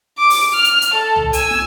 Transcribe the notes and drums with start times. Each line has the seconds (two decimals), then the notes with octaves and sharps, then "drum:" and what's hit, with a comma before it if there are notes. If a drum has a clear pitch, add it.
0.18 D6
0.30 drum: open hi-hat
0.54 F6
0.64 drum: hi-hat
0.82 drum: hi-hat
0.94 A4
1.16 drum: tom
1.33 G#5 E6, drum: hi-hat
1.50 drum: snare